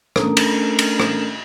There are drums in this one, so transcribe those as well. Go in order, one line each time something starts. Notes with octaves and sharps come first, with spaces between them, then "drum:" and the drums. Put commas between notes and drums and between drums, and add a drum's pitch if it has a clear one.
A3 C#4 D4 A4 A#4 A#5, drum: rim click
drum: cymbal
drum: cymbal
drum: rim click